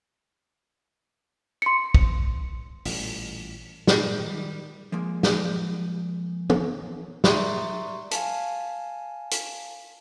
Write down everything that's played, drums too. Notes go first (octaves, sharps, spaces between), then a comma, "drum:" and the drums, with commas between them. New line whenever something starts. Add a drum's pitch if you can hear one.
C6 C#7
drum: kick
A1 A#2 G3, drum: open hi-hat
G2 A#2 G3, drum: snare
D#3 G3
F3 G#3 A#3
drum: snare
drum: tom
D5 E5 A#5 C6 C#6, drum: snare
F5 G#5 A5, drum: hi-hat
drum: hi-hat